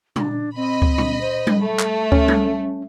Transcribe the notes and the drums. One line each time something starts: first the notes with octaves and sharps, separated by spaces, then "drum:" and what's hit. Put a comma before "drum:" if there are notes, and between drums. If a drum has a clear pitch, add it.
D4, drum: tom
C4 D#5 B5
drum: kick C#2
drum: tom
C5
drum: tom G3
A3 A4
drum: clap
C#4, drum: kick C#2
drum: tom G3